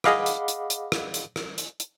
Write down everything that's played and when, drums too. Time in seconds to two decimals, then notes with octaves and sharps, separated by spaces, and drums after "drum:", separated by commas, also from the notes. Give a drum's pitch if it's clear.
0.04 G#4 D#5 F5 F#5 B5 D6, drum: rim click
0.26 drum: hi-hat
0.48 drum: hi-hat
0.70 drum: hi-hat
0.92 drum: rim click
1.14 drum: hi-hat
1.36 drum: rim click
1.58 drum: hi-hat
1.80 drum: hi-hat